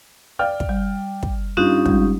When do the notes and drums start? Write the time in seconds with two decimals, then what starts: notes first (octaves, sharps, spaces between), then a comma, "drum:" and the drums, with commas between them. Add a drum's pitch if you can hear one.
0.39 B4 D5 F5 G5 F6
0.60 drum: kick
0.69 G3
1.23 drum: kick
1.57 G2 C#4 D#4 F4 G4 F#6
1.86 G3 G#3, drum: kick